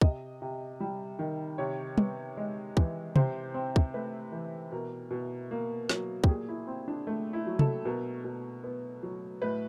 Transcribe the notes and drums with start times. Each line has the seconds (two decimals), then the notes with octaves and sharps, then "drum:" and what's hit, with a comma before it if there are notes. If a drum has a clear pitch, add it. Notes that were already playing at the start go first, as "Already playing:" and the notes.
0.01 C3 D#5, drum: kick
0.42 C3
0.80 G3
1.19 D#3
1.58 C3 C#5
1.98 B3, drum: tom
2.37 G#3
2.77 E3, drum: kick
3.16 C3 C5, drum: tom C3
3.54 C4
3.76 drum: kick
3.94 A3 B4
4.32 E3
4.72 B2 A#4
5.11 B2
5.51 A#3
5.89 F#3, drum: snare
6.24 G4, drum: kick
6.28 A#2 G#4
6.49 E4
6.67 C4
6.88 D4
7.07 A3
7.33 E4
7.47 F#3
7.59 A4, drum: tom C3
7.85 B2 A#4
8.24 B2
8.64 B3
9.03 F#3
9.42 A2 B4